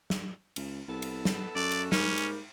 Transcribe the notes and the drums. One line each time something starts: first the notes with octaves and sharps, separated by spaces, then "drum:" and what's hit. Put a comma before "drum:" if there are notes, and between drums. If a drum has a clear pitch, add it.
drum: snare
C#2, drum: cymbal
C2 B3 E4 A4
drum: cymbal
drum: snare
F#2 F#4 A4 D5
drum: cymbal
G#2 G3 A#3 C#4 A#4, drum: snare
drum: cymbal